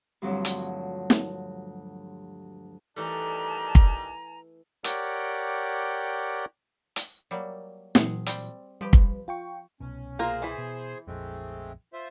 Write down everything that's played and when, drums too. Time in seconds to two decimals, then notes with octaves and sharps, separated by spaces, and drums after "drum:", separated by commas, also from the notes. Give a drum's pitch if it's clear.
0.22 D2 G2 F3 F#3 C4 C#5
0.45 drum: hi-hat
1.10 drum: snare
2.96 D#3 E3 G3 A3 D4 G#5 A#5
3.75 drum: kick
4.84 G4 A#4 C#5 D5 F#5 G5, drum: hi-hat
6.96 drum: hi-hat
7.31 F#3 G3 A#3
7.95 A#2 E3 F#3 C4 G#4 F#5, drum: snare
8.26 G3 C4, drum: hi-hat
8.81 F3 G3 G4 B4
8.93 drum: kick
9.28 F4 G5 C#6
9.80 C2 B2 C#4
10.19 A#3 F4 G#4 A#4 C5
10.42 E3 B5
10.58 B2
11.07 A#1 F2 G#3 A3 C4
11.93 F4 C5 E5